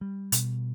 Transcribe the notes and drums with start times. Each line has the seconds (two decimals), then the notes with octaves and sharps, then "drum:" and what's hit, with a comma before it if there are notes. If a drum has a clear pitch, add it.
0.01 G3
0.32 B2, drum: hi-hat